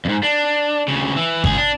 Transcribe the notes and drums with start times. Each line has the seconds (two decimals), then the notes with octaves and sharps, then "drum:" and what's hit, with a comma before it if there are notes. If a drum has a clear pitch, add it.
0.05 F2 G#2
0.23 D4
0.88 D2 C#3
1.16 E3
1.44 C#2 G#4, drum: kick G#1
1.58 D4